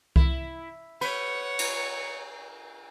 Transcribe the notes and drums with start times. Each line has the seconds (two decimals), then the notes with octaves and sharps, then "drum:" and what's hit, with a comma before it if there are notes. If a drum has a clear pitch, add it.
0.16 E4, drum: kick C2
1.01 B4 C#5 F#5, drum: cymbal
1.59 drum: cymbal